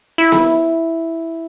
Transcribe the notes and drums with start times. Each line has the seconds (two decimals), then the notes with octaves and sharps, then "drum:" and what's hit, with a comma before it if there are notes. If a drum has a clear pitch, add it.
0.18 E4
0.32 drum: snare B3